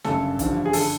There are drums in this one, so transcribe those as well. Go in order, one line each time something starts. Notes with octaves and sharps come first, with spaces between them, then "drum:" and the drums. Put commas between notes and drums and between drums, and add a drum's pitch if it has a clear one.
G1 F#2 C#3 A4, drum: snare
A1 G2 D3 F3, drum: kick, hi-hat
G#4
D3 A4, drum: open hi-hat